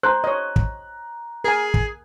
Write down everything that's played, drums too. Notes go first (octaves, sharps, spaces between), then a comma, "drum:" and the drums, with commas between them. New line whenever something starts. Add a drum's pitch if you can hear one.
C5 A#5 F#6
C#5 D#5
drum: kick
G#4 A#4 G#5
drum: kick